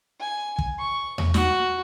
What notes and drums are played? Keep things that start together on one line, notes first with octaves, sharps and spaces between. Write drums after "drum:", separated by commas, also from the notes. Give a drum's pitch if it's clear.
G#5
drum: kick
C#6
drum: tom E2
F#4, drum: snare